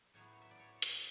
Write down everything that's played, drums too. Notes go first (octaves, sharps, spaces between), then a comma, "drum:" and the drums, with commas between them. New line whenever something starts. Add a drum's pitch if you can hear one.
A2 F#3 B3 C#5
E5
D5
C#5
drum: hi-hat